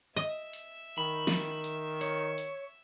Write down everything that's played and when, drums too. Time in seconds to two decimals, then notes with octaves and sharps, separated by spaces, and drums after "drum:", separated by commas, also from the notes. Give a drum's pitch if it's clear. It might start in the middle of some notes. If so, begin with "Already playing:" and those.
0.16 D#5 E5, drum: hi-hat
0.53 drum: hi-hat
0.98 D#3 B5
1.27 drum: snare
1.64 drum: hi-hat
2.01 C#5, drum: hi-hat
2.38 drum: hi-hat